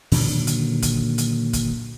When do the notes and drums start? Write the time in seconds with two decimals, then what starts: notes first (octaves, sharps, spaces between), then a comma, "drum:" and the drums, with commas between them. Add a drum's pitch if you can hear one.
0.12 A#2 D3 D#3 F#3, drum: open hi-hat
0.47 drum: hi-hat
0.82 drum: kick, hi-hat
1.18 drum: hi-hat
1.53 drum: kick, hi-hat